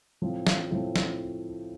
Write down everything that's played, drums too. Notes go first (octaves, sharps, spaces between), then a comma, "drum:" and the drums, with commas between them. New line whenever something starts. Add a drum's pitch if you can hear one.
A2 F3 C4
drum: snare
A2 F3 C4
drum: snare